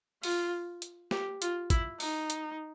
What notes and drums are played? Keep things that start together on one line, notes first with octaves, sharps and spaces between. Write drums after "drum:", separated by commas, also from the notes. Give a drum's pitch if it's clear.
F4, drum: open hi-hat
drum: hi-hat
G4, drum: snare
F4, drum: hi-hat
E4, drum: kick, hi-hat
D#4, drum: open hi-hat
drum: hi-hat